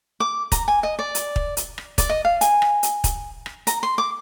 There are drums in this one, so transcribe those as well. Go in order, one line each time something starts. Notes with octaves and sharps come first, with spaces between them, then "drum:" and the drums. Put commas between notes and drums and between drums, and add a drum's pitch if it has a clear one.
D6
A#5, drum: kick, hi-hat
G#5
D#5
D5
drum: hi-hat
drum: kick
drum: hi-hat
drum: rim click
D5, drum: kick, hi-hat
D#5
F5
G#5, drum: hi-hat
drum: rim click
drum: hi-hat
drum: kick, hi-hat
drum: rim click
A#5, drum: hi-hat
C6
D6